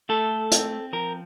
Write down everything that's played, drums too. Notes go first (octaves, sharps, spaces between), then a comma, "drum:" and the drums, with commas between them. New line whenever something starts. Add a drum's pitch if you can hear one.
A3 A4
C4, drum: hi-hat
F3 A#4